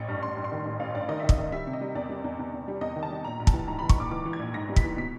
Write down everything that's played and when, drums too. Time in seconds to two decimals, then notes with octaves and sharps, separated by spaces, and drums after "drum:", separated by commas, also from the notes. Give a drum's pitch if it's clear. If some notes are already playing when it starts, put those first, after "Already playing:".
Already playing: A1 C#6
0.09 G2
0.22 G2 C6
0.37 G2
0.44 C6
0.52 D#3
0.65 A1
0.80 A1 F5
0.94 G2 D5
1.09 D#3 D#5
1.20 D#3 E5
1.29 D#5, drum: kick
1.38 D#3
1.52 G3 E5
1.67 C3
1.73 D#5
1.81 G3
1.95 E2 D5
2.09 G3
2.24 E2
2.39 E2
2.53 E2
2.68 G3
2.81 E2 D#5
2.96 D#3
3.03 A5
3.10 G3
3.24 A#1 A#5
3.39 A#1
3.47 A5, drum: kick
3.54 E3
3.68 G#2 A#5
3.79 B5
3.82 E3
3.89 C#6, drum: kick
3.97 A#1 D6
4.11 E3 D6
4.26 E3
4.33 G#6
4.40 A#1
4.54 G#2 A#6
4.69 G3
4.76 B6, drum: kick
4.84 E3
4.97 B2 B6